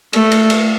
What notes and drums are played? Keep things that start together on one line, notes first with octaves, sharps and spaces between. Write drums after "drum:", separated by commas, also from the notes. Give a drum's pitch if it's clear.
A3, drum: cymbal
drum: cymbal
drum: cymbal